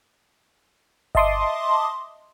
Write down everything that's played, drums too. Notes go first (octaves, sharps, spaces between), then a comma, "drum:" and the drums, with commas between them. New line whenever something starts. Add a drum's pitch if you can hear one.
D#5 E5 A5 C6 D6 D#6, drum: kick G1